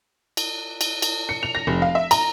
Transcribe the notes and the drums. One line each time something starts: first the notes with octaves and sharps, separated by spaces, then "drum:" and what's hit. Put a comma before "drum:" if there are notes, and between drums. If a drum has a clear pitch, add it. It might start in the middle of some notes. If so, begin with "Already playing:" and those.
drum: cymbal
drum: cymbal
drum: cymbal
C#7
F7
A#6
F1
F5
E5
A#5, drum: cymbal